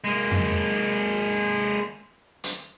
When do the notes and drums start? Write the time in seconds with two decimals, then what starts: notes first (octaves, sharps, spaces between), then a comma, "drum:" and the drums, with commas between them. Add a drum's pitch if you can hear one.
0.04 G#3 A#3
0.31 drum: tom F2
2.44 drum: hi-hat